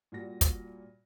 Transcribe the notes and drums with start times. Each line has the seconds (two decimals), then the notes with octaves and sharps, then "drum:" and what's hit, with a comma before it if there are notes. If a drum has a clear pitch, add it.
0.12 A#2 G3 F#4 A#6
0.41 drum: kick, hi-hat